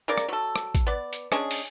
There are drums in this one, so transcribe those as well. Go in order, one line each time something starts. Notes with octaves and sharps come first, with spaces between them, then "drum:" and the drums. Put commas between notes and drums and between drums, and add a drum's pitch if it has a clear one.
C#3 A#4 D5
drum: rim click
F#3 A4
drum: rim click
drum: kick, hi-hat
B3 D5
drum: hi-hat
G#3 C#4 D4 G#4, drum: rim click
drum: open hi-hat